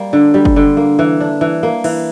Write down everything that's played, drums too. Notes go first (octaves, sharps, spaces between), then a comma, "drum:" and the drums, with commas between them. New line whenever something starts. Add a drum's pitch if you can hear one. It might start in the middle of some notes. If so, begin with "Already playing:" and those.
Already playing: G3 A#3
D3
G3
drum: kick
D3
A#3
E3
D4
E3
A#3
E3, drum: cymbal